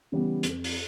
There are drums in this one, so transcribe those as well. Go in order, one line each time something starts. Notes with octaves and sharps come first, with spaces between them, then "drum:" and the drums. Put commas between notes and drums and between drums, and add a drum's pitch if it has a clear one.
C#3 E3 G3 B3
F2, drum: hi-hat
drum: open hi-hat